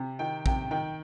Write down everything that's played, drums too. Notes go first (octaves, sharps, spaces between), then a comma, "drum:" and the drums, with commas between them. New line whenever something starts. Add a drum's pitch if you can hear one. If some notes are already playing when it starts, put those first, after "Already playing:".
Already playing: C3
D#3 G5
C3 G5, drum: kick
D#3 G5